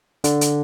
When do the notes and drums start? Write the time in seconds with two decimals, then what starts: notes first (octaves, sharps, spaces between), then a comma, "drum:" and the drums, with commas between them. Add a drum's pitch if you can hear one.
0.24 D3, drum: hi-hat
0.41 drum: hi-hat